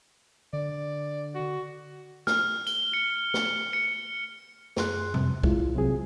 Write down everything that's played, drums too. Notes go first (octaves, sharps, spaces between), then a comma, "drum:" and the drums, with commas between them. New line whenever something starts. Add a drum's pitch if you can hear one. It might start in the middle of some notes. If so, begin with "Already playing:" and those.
D3 D5
F#4
F6, drum: snare
G7, drum: tambourine
C#7
drum: snare
C#7
F#2 G#4 C6 F#6, drum: snare
F2 C3 G3, drum: tom G#2
G#3 E4 F4, drum: kick
C3 F#3 C4 G#4